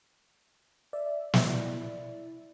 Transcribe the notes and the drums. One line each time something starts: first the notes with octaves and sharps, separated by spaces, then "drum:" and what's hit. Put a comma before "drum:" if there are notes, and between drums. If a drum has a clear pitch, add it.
D5 E5
E4, drum: snare